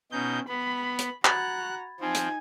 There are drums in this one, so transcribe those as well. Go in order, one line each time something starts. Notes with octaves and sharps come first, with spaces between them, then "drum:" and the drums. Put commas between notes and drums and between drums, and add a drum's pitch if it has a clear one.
B2 C#4 D#4 G6
B3 B5
drum: hi-hat
F#4 A#5 B5 F#6 G#6 A6, drum: clap
F3 C4 D#4 G#5
drum: hi-hat